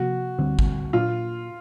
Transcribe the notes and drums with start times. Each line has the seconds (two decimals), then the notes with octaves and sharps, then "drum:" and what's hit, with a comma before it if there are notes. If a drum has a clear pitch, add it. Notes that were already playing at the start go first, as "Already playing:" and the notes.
Already playing: C3 F3 A#3 F#4
0.39 D2 D3 G3 C4
0.59 drum: kick A1
0.93 A#2 F#3 A#3 D4 F4